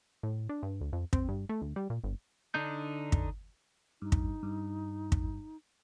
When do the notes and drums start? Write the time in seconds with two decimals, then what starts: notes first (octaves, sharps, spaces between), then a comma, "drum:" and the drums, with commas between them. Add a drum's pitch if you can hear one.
0.23 A2
0.49 D4
0.63 G2
0.81 D2
0.93 F2
1.13 C4, drum: kick
1.29 G2
1.49 A3
1.62 D2
1.76 G3
1.90 A#2
2.04 G1
2.54 D3 D4 D#4 G6
3.12 drum: kick
4.02 G2 D#4
4.12 drum: kick
4.43 G2
5.12 drum: kick